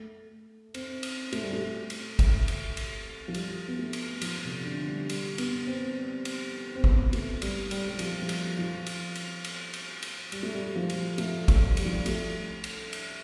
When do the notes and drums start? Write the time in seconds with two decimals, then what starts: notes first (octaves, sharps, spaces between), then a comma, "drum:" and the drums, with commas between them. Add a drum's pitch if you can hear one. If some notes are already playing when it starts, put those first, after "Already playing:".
Already playing: A3
0.74 C4, drum: cymbal
1.03 drum: cymbal
1.32 A3, drum: cymbal
1.43 G3
1.53 A3
1.90 drum: cymbal
2.19 drum: kick, cymbal
2.48 drum: cymbal
2.77 drum: cymbal
3.28 F3
3.34 G3, drum: cymbal
3.68 B3
3.79 A3
3.93 drum: cymbal
4.21 F3, drum: cymbal
4.44 C3
4.65 D3
4.88 G3
5.09 G3, drum: cymbal
5.38 B3, drum: cymbal
5.67 C4
6.25 drum: cymbal
6.75 C4
6.84 B3, drum: kick
7.13 A3, drum: cymbal
7.42 G3, drum: cymbal
7.71 G3, drum: cymbal
7.89 G3
7.99 F3, drum: cymbal
8.22 F3
8.29 G3, drum: cymbal
8.57 F3
8.86 drum: cymbal
9.15 drum: cymbal
9.44 drum: cymbal
9.73 drum: cymbal
10.02 drum: cymbal
10.32 G3, drum: cymbal
10.43 A3
10.54 G3
10.76 F3
10.90 drum: cymbal
11.18 A3, drum: cymbal
11.48 A3, drum: kick, cymbal
11.77 G3, drum: cymbal
11.85 F3
11.93 G3
12.06 A3, drum: cymbal
12.64 drum: cymbal
12.93 drum: cymbal